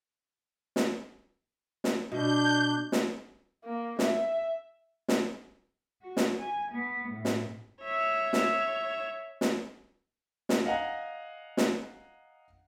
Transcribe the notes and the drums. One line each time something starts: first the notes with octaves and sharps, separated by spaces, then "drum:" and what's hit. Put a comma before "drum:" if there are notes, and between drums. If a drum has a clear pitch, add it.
drum: snare
drum: snare
B2 D4 G6
drum: snare
A#3
E5, drum: snare
drum: snare
F#4
drum: snare
G#5
B3
A2
drum: snare
C#5 E5
drum: snare
drum: snare
drum: snare
D#5 F5 F#5 G#5 A#5
drum: snare